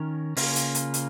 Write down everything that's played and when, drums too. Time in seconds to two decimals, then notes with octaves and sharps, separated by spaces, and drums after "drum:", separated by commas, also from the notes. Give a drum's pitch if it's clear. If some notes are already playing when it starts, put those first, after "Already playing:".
Already playing: D#3 C#4 A#4 C#5
0.37 C#3 A#3 C#4 F4, drum: open hi-hat
0.56 drum: hi-hat
0.75 drum: hi-hat
0.94 drum: hi-hat